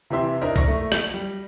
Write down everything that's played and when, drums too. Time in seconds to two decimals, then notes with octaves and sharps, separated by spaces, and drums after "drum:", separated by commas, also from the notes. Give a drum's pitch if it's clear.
0.10 C3 E3 G4 E5 C6
0.41 D4 E4 A#4 C5 D#5
0.56 D5 C#6 A#6, drum: kick
0.68 A3
0.92 drum: rim click
1.14 G3